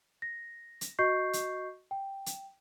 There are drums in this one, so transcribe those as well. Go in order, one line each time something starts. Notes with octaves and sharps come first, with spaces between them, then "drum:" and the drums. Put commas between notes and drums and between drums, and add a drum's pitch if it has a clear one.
A#6
drum: hi-hat
F#4 D#5 C#6 G6 C7
drum: hi-hat
G5
drum: hi-hat